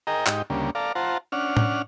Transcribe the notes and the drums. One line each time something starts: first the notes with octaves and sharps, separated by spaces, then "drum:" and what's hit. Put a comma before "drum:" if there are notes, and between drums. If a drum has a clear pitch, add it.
G#4 A#4 D#5 G5 A#5
G#2 D#4 G4, drum: clap
D2 C#3 G3 A#3
A4 D5 F5 A#5
F4 C5 F#5 A5 A#5
C#4 D4 F#5 F6
drum: tom A2